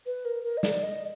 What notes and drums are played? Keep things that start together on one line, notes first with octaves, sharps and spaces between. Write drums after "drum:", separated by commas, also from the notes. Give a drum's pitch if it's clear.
B4
A#4
A#4
D#5
D5, drum: snare
D#5